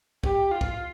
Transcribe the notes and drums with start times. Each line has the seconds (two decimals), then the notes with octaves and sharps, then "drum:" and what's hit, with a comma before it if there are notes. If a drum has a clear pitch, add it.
0.23 G4, drum: kick
0.51 F4
0.61 drum: kick